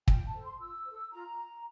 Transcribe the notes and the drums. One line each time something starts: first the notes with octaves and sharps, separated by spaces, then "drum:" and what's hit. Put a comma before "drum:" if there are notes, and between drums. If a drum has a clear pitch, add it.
F4 G5, drum: kick
A5
A4 C5
C6
F4 E6
A4 C5
F4 A#5